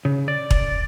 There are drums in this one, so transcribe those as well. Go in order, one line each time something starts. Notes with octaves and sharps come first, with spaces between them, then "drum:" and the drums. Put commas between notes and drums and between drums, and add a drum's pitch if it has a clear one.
C#3
D5
drum: kick E1